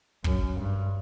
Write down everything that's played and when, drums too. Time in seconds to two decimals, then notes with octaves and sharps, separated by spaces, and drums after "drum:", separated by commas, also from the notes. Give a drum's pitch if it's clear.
0.24 F#2, drum: kick
0.58 G2